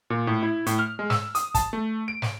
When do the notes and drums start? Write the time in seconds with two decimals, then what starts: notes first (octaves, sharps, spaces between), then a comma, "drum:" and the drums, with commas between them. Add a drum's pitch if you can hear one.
0.10 A#2
0.27 A2
0.43 E4
0.66 A2, drum: hi-hat
0.79 F6
0.99 G#3
1.10 E6, drum: snare
1.35 D#6, drum: hi-hat
1.55 A5, drum: kick, hi-hat
1.73 A3
2.08 D7
2.22 drum: snare